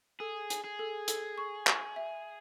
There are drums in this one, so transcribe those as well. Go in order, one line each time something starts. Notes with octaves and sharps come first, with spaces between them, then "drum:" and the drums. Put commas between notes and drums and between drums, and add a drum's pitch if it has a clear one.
G#4 A4
G#5, drum: hi-hat
G#4
A4
A4, drum: hi-hat
C#6
C#6, drum: clap
E5